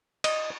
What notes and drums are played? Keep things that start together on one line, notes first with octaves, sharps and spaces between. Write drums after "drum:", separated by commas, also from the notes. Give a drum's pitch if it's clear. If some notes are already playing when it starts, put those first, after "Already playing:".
D#5, drum: cymbal